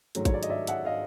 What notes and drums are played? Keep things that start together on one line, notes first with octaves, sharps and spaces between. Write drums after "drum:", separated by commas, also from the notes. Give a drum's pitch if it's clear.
G#2 D#3 F#3 A3, drum: hi-hat
C#5, drum: kick A1, hi-hat
D5
D#5, drum: hi-hat
D5 E5
E5 F#5, drum: hi-hat
D#5 F5